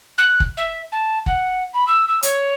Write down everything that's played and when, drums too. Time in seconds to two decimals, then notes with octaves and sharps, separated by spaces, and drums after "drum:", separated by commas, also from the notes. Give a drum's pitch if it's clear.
0.18 F#6
0.40 drum: kick
0.57 E5
0.92 A5
1.26 F#5, drum: kick
1.73 B5
1.87 E6
2.08 E6
2.23 C#5, drum: hi-hat